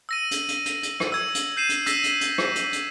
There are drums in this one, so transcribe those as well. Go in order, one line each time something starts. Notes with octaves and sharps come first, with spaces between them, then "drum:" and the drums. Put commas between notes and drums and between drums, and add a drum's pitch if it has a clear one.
E6 A#6 D#7
drum: hi-hat
drum: hi-hat
drum: hi-hat
drum: hi-hat
drum: rim click
E6 G#6
drum: hi-hat
G6 C7 D#7 E7
drum: hi-hat
E6 A#6 B6, drum: hi-hat
drum: hi-hat
drum: hi-hat
drum: rim click
drum: hi-hat
drum: hi-hat